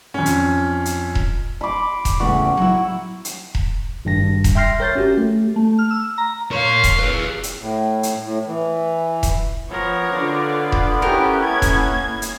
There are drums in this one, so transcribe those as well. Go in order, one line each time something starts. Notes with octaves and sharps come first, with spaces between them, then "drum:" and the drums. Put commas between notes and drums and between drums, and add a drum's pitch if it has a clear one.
F2 C#4
drum: hi-hat
drum: hi-hat
drum: kick E1
B5 C6 D6
drum: kick E1, hi-hat
E2 A2 C#3 F#4
F#3 E4
drum: hi-hat
drum: kick E1
G#1 G2 A#6
drum: kick E1, hi-hat
E5 G5 C6 F6 A#6 C7
A#4 C#5 G6 A6
C#4 F#4 G4
A3
A3
F6
E6
A#5
A#4 C#5 F5 C6
drum: kick E1, hi-hat
G#4 B4
drum: hi-hat
A2
drum: hi-hat
A2
E3
drum: kick E1, hi-hat
F3 B3 A#4 C#5
D3 F4 D5
drum: kick E1
C#4 E4 G4 A4 A#4 G5
A#3 G#6
drum: kick E1, hi-hat
drum: hi-hat